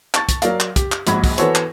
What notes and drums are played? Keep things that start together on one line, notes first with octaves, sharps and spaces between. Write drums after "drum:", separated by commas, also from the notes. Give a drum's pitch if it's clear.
A5 C#6 A6, drum: clap
drum: kick, hi-hat
F#3 A#4 D5 F5, drum: hi-hat
drum: clap
G4, drum: kick, hi-hat
drum: clap
A#1 G#2 F#4 B5 G#6, drum: hi-hat
drum: kick, open hi-hat
E3 B3 F#4 A4 C5 C#5, drum: hi-hat
drum: clap